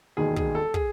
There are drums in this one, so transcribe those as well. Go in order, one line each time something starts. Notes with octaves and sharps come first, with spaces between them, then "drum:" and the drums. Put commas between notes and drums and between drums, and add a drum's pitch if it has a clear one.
E1 D#2 D#3 G#4
G#4, drum: kick
A4
G#4, drum: kick